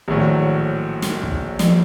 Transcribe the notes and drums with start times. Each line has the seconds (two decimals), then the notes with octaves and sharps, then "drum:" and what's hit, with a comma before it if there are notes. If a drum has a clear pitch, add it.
0.08 A#1 A2 D#3 F#3
1.02 drum: snare
1.23 drum: kick
1.59 F3, drum: snare